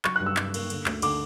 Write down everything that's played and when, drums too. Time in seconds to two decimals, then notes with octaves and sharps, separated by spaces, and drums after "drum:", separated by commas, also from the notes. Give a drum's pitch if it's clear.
0.05 F#3 C#6, drum: clap
0.16 G2 F#6
0.26 E6
0.37 G2 E6, drum: clap
0.54 A#3, drum: cymbal
0.70 D3, drum: cymbal
0.86 D2, drum: clap
1.02 D3 D6, drum: cymbal